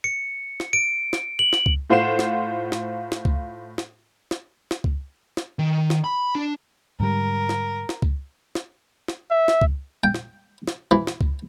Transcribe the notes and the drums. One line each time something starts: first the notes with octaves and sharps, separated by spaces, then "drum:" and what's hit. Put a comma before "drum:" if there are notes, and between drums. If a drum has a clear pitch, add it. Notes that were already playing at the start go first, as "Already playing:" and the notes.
C#7
drum: snare
D7
drum: snare
F#7
drum: snare
drum: kick C#2
A2 F4 C5 F#5 C7 E7
drum: snare
drum: snare
drum: snare
drum: kick C#2
drum: snare
drum: snare
drum: snare
drum: kick C#2
drum: snare
D#3
drum: snare
B5
D4
G#2 D3 G3 A#4
drum: snare
drum: snare
drum: kick C#2
drum: snare
drum: snare
E5
drum: snare
drum: kick C#2
G5
drum: snare
drum: snare
E3
drum: snare
drum: kick C#2